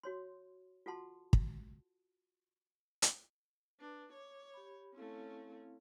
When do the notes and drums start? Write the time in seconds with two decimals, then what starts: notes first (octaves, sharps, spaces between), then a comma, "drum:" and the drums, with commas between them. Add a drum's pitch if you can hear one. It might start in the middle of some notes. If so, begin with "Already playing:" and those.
0.03 F#4 C#5 C6
0.86 F4 F#4 A4 F#5 A5 C6
1.33 drum: kick
3.02 drum: hi-hat
3.80 D4 B4
4.13 C#5 D6
4.54 G4 B5
4.95 A3 C4 C#4 E4 F5